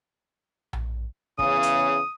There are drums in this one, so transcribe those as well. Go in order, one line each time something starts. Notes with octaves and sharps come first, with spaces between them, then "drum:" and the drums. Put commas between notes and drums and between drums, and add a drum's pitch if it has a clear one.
drum: tom A#1
E2 C#3 D#6, drum: kick
drum: hi-hat